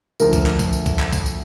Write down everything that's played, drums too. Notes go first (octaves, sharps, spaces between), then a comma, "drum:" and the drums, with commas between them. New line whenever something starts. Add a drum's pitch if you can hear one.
D2 D3 F3 A#4, drum: tambourine
drum: kick, tambourine
drum: clap
drum: kick, tambourine
drum: tambourine
drum: kick, tambourine
drum: clap
drum: kick, tambourine
drum: tambourine